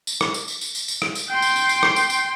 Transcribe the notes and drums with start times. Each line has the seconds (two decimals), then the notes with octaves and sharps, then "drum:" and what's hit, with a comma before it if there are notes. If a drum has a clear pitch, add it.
0.07 drum: tambourine
0.21 drum: rim click
0.34 drum: tambourine
0.48 drum: tambourine
0.61 drum: tambourine
0.75 drum: tambourine
0.88 drum: tambourine
1.02 drum: rim click
1.15 drum: tambourine
1.29 G5 C6
1.42 drum: tambourine
1.56 drum: tambourine
1.69 drum: tambourine
1.83 drum: rim click
1.96 drum: tambourine
2.10 drum: tambourine